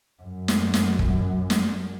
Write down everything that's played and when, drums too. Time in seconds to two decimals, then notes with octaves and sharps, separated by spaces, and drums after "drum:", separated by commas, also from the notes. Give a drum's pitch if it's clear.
0.23 F#2
0.48 drum: snare
0.74 drum: snare
0.99 drum: kick
1.50 drum: snare